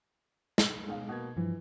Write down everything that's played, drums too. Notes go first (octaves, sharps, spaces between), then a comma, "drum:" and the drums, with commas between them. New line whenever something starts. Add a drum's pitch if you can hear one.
drum: snare
B1 G#3 F5
B2 A#3 G#6
G2 E3 F3